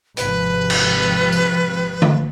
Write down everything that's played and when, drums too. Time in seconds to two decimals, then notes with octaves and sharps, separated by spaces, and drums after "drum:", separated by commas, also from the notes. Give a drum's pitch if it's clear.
0.17 G#1 C3 F3 B4, drum: hi-hat
0.70 drum: cymbal
1.32 drum: tambourine
2.02 drum: tom D3